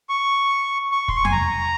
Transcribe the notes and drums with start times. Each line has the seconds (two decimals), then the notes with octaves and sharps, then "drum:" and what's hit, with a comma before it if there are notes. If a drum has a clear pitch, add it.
0.09 C#6
0.91 C#6
1.08 C6, drum: kick
1.17 C#6
1.25 G#5, drum: tom E2
1.32 A#5